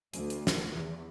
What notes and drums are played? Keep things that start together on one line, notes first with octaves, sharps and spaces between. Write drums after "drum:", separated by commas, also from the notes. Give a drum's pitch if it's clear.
D2, drum: hi-hat
drum: hi-hat
drum: snare
E2